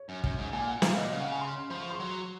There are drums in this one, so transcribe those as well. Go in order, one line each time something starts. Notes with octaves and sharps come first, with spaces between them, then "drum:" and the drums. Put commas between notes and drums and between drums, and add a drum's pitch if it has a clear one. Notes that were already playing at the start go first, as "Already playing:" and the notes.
Already playing: C#5
F#2
F#2, drum: kick
G#2
A#2 G#5
F#5
C3 F5, drum: snare
A#2 D#5
C#3 F5
F#5
G#5
C6
F3 C6
C#6
C6
F#3